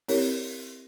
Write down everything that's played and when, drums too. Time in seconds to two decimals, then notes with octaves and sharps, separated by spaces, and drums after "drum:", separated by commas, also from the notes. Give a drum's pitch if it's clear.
0.08 C4 E4 G4 A#4 C#5, drum: open hi-hat